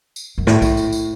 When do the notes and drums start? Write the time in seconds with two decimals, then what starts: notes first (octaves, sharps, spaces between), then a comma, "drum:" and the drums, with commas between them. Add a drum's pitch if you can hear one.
0.16 drum: tambourine
0.38 F#2
0.47 A2, drum: snare
0.62 drum: kick B1, tambourine
0.77 drum: tambourine
0.92 drum: tambourine